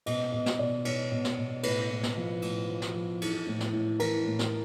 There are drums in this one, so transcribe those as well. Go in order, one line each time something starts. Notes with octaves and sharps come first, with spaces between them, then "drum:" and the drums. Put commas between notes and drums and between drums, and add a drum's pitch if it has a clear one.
B2 D#5, drum: cymbal
B2 D#5
drum: snare
B2 D5
B2 C#5, drum: cymbal
B2
drum: snare
B2
A2 B4, drum: cymbal
A2
drum: snare
F3
A2, drum: cymbal
F3
drum: snare
F3
E3, drum: cymbal
A2
drum: snare
A2
E3 A#4, drum: cymbal
A2
drum: snare